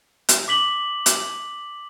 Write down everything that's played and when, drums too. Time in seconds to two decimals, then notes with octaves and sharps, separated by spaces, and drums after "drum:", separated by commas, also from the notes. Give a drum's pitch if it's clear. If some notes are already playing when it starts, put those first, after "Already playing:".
0.29 drum: hi-hat
0.48 D6 B6 F#7 G7
1.06 drum: hi-hat